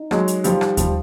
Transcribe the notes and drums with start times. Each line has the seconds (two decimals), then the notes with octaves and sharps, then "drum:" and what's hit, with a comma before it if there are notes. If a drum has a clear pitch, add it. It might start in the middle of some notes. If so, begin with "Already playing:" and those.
Already playing: D#4
0.11 F#3 G#3, drum: rim click
0.28 drum: hi-hat
0.44 F3 G3, drum: hi-hat
0.61 drum: rim click
0.77 F3 G3, drum: kick D#2, hi-hat